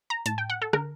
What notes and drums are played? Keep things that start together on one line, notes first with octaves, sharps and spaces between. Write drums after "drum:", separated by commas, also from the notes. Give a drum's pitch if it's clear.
A#5
A2 A5, drum: hi-hat
G5
F#5
A4
D3 A#4, drum: rim click